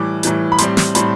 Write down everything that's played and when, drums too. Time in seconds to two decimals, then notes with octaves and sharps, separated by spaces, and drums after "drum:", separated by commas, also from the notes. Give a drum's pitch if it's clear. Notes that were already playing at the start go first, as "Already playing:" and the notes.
Already playing: A2 E3 G3 D6
0.23 A2 E3 G3, drum: hi-hat
0.52 B5
0.58 A2 G3 C4 C6, drum: hi-hat
0.77 drum: snare
0.95 A2 G3 C4 B5, drum: hi-hat